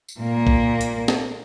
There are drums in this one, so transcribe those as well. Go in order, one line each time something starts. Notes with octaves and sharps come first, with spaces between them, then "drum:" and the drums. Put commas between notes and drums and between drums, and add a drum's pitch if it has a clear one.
drum: tambourine
A#2 A#3
drum: kick B1
drum: hi-hat
drum: snare